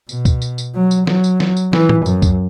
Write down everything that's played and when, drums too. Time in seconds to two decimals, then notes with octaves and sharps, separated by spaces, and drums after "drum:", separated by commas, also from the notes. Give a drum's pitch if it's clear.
0.09 B2, drum: tambourine
0.25 drum: kick C#2, tambourine
0.42 drum: tambourine
0.58 drum: tambourine
0.75 F#3
0.91 drum: tambourine
1.07 F#3, drum: snare
1.24 drum: tambourine
1.40 drum: snare
1.57 drum: tambourine
1.73 E3, drum: snare
1.89 drum: tom A2
2.06 F#2, drum: tambourine
2.22 drum: kick C#2, tambourine